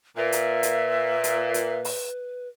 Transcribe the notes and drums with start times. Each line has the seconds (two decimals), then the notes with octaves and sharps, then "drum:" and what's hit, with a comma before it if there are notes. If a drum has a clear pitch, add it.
0.17 A#2 B4 E5
0.32 drum: hi-hat
0.63 drum: hi-hat
1.24 drum: hi-hat
1.54 drum: hi-hat
1.85 drum: open hi-hat